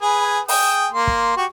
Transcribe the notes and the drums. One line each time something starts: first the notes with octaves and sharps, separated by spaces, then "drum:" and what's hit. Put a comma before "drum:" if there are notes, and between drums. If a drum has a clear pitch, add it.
G#4 B4 G#5
G#4 G5 D#6, drum: open hi-hat
A#3 C6
drum: kick
F#4 G4 C#6